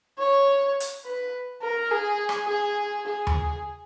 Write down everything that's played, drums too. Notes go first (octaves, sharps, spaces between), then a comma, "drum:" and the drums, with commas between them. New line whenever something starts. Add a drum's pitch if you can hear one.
C#5
drum: hi-hat
B4
A#4
G#4
drum: rim click
G#4
G#4
drum: tom D#2